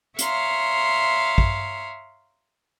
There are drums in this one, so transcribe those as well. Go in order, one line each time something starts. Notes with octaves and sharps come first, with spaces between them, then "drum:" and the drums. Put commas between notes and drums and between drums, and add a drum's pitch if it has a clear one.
C#5 E5 F5 A#5 C6, drum: hi-hat
drum: kick